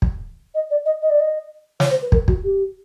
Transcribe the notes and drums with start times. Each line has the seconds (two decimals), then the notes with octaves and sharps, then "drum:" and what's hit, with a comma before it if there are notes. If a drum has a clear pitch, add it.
0.02 drum: kick
0.55 D#5
0.70 D5
0.85 D#5
1.02 D#5
1.10 D5
1.20 D#5
1.80 C#5, drum: snare
1.90 C5
2.02 B4
2.12 A#4, drum: kick
2.28 F#4, drum: kick
2.44 G4